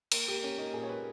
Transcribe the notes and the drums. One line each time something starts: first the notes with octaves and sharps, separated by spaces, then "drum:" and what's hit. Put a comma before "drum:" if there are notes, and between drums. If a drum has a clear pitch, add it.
A#3 A#4, drum: cymbal
A#3 G4
A#3 C#4
A#3 D#4
A#2 G#4
C#5
A#3 B4